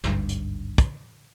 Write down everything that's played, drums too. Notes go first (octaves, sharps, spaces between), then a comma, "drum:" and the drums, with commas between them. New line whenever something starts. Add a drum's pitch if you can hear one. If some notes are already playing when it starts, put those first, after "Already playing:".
G#1 D2 G2, drum: snare
drum: hi-hat
drum: kick, hi-hat